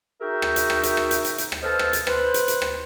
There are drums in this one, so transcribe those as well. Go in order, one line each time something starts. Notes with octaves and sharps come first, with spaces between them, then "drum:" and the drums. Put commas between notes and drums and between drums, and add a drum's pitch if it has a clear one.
D#4 F#4 G#4 A#4 E5 G5
drum: rim click
drum: hi-hat
drum: rim click
drum: hi-hat
drum: rim click
drum: hi-hat
drum: hi-hat
drum: hi-hat
drum: rim click
A4 B4 C5 D#5 F5 A5
drum: rim click
drum: hi-hat
B4 C5, drum: rim click
drum: hi-hat
drum: hi-hat
drum: rim click